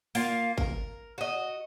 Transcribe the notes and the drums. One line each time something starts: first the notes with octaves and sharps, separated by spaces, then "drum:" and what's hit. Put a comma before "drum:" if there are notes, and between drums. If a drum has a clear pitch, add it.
A#3 F4, drum: open hi-hat
A#4, drum: kick G#1
F#4 D#5